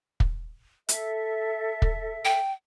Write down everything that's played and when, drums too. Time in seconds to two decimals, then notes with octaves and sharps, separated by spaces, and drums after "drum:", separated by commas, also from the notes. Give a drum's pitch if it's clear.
0.20 drum: kick
0.89 A4 E5, drum: hi-hat
1.82 drum: kick
2.25 G5